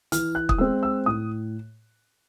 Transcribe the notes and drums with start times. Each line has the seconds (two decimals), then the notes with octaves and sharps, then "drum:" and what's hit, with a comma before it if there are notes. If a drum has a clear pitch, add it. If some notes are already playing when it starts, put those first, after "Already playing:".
0.12 E3 F6, drum: hi-hat
0.35 F#6
0.49 D#6, drum: kick
0.58 G#3 C4 E6
0.83 E6
1.06 A2 D#6